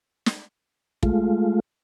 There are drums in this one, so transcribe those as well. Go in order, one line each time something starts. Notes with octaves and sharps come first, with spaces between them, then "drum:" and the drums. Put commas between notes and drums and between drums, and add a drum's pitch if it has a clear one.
drum: snare
G#3 A3 F4, drum: kick